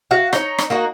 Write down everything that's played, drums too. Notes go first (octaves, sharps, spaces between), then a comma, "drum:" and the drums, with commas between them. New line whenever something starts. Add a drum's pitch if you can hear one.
F#4 F5
D#4 C#5, drum: rim click
drum: rim click
A#3 D#4 F#4